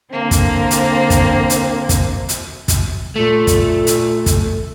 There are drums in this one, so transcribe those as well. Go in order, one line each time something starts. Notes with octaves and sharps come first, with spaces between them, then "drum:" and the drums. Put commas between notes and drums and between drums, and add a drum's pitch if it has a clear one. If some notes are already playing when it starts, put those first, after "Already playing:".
D3 A#3 C4
drum: kick, hi-hat
drum: hi-hat
drum: kick, hi-hat
drum: hi-hat
drum: kick, hi-hat
drum: hi-hat
drum: kick, hi-hat
A#2 A3 A4
drum: kick, hi-hat
drum: hi-hat
drum: kick, hi-hat